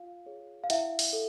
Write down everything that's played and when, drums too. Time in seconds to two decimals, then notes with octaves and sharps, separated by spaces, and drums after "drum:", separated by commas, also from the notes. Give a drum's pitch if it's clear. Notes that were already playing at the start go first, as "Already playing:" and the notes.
Already playing: F4 F5
0.26 G#4 C#5
0.64 F5
0.70 E4 E5 F#5, drum: hi-hat
0.99 drum: open hi-hat
1.13 A4